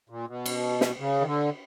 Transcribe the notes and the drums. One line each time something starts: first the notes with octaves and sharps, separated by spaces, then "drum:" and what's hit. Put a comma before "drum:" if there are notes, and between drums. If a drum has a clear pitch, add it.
A#2
B2
drum: cymbal
drum: snare
C#3
D#3
D3